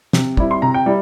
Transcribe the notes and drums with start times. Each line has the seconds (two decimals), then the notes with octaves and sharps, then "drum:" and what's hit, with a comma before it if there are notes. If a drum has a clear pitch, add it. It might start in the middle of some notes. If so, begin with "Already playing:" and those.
0.13 C3, drum: snare
0.37 G3 C4 E4, drum: kick
0.51 C6
0.62 C3 A#5
0.74 G5
0.86 G3 E4